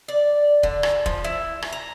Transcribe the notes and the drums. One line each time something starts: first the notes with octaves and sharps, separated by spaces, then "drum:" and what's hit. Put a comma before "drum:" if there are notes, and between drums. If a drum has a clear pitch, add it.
D5
D3, drum: kick
drum: rim click
F3, drum: kick
E4
drum: rim click
A#5